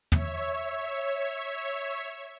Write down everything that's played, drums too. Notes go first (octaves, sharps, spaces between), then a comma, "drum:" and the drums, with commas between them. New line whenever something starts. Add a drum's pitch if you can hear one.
C#5 E5, drum: tom